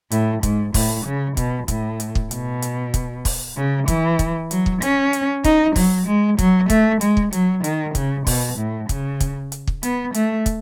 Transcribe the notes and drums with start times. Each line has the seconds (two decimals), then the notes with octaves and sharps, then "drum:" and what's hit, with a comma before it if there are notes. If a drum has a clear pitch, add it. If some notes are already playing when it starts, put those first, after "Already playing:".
0.11 A2, drum: hi-hat
0.43 G#2, drum: kick, hi-hat
0.74 A2, drum: kick, open hi-hat
1.05 C#3
1.37 B2, drum: kick, hi-hat
1.68 A2, drum: kick, hi-hat
2.00 drum: hi-hat
2.15 drum: kick
2.31 B2, drum: hi-hat
2.62 drum: hi-hat
2.94 drum: kick, hi-hat
3.25 drum: kick, open hi-hat
3.57 C#3
3.88 E3, drum: kick, hi-hat
4.19 drum: kick, hi-hat
4.51 F#3, drum: hi-hat
4.66 drum: kick
4.82 C#4, drum: hi-hat
5.13 drum: hi-hat
5.44 D#4, drum: kick, hi-hat
5.76 F#3, drum: kick, open hi-hat
6.07 G#3
6.39 F#3, drum: kick, hi-hat
6.70 A3, drum: kick, hi-hat
7.01 G#3, drum: hi-hat
7.17 drum: kick
7.33 F#3, drum: hi-hat
7.64 D#3, drum: hi-hat
7.95 C#3, drum: kick, hi-hat
8.27 B2, drum: kick, open hi-hat
8.58 A2
8.89 C#3, drum: kick, hi-hat
9.20 drum: kick, hi-hat
9.52 drum: hi-hat
9.67 drum: kick
9.83 B3, drum: hi-hat
10.14 A3, drum: hi-hat
10.46 drum: kick, hi-hat